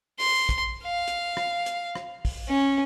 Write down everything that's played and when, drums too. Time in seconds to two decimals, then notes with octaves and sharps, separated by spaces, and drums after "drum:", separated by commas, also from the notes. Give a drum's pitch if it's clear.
0.20 C6, drum: open hi-hat
0.49 drum: kick, hi-hat
0.84 F5
1.08 drum: hi-hat
1.37 drum: rim click
1.66 drum: hi-hat
1.95 drum: rim click
2.25 drum: kick, open hi-hat
2.49 C#4